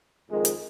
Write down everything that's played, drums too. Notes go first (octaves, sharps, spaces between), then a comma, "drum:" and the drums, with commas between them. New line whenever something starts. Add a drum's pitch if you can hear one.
F2 D#3 G#3
drum: hi-hat